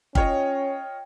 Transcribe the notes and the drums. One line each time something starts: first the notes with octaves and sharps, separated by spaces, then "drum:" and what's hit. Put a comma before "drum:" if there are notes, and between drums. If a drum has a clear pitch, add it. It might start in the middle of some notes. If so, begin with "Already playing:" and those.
C#4 F4 C#5 D#5 G5, drum: kick